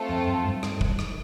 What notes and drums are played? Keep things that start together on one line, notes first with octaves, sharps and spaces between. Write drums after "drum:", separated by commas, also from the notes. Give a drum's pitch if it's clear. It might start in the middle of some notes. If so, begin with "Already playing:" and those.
Already playing: A3 C4 F4 A4
F2
F#2
G2
G2, drum: rim click
drum: kick
drum: rim click